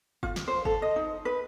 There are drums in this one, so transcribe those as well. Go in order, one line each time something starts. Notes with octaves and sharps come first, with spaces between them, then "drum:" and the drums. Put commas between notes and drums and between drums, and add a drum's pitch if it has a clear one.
F4, drum: kick F#1
drum: snare
C5
A4, drum: kick F#1
D#5
D#4
B4